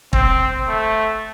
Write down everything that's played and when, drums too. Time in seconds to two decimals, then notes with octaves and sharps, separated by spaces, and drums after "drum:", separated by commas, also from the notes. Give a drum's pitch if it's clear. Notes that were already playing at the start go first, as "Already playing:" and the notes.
0.13 C4, drum: kick
0.68 A3